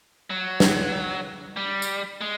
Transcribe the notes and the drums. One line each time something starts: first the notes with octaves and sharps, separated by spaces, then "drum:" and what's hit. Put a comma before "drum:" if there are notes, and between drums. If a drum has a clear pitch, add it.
F#3
drum: snare
G3
drum: tambourine
G#3